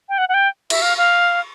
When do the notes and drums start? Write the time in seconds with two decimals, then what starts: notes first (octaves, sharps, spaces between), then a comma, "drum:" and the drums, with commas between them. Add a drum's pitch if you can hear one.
0.09 G5
0.18 F#5
0.29 F#5
0.34 G5
0.70 E5, drum: cymbal
0.82 F5
0.97 F5